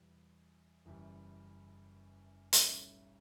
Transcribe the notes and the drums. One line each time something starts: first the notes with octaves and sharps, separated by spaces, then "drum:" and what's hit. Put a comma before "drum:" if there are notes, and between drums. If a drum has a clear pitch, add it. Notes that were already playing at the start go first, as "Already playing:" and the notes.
Already playing: E2 B2 G3
F#1 F#2 E3 G3
B1 A2 G3 C#4 E4, drum: hi-hat